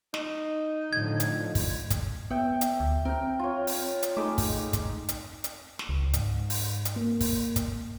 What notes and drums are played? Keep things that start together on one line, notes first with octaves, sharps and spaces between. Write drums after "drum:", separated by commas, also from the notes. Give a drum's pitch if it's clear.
D#4, drum: snare
A2 D3 F3 G#6
drum: hi-hat
drum: kick, open hi-hat
drum: kick, hi-hat
B3 E5 G5
drum: hi-hat
D2
C4 A#4 G5
F4 C#5
drum: open hi-hat
drum: hi-hat
G#3 A3 D#4 D6
drum: kick, open hi-hat
drum: kick, hi-hat
drum: hi-hat
drum: hi-hat
drum: snare
C#2
G#2, drum: hi-hat
drum: open hi-hat
drum: hi-hat
A#3
drum: kick, open hi-hat
drum: kick, hi-hat